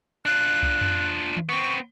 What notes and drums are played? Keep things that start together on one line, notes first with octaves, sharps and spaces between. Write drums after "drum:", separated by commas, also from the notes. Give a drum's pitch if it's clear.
D4 F4 F#6
drum: kick C2
drum: tom F2
drum: tom D#3
B3 C4 C#6